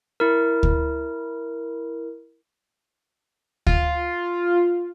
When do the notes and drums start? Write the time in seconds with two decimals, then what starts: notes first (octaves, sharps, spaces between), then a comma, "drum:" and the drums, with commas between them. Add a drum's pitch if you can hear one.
0.20 E4 A#4
0.63 drum: kick D2
3.67 F4, drum: kick D2